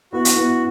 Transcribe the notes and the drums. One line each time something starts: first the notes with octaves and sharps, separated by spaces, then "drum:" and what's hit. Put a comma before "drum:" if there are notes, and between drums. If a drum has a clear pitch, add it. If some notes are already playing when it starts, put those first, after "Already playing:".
B3 E4 F#4
drum: hi-hat
B3 E4